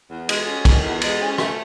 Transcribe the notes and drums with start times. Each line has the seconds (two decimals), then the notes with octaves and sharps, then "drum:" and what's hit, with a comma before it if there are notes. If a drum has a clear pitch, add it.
0.10 E2
0.29 G#3, drum: cymbal
0.47 C#4
0.65 D#3, drum: kick, cymbal
0.83 E2
1.01 G#3, drum: cymbal
1.20 C#4
1.38 A3, drum: rim click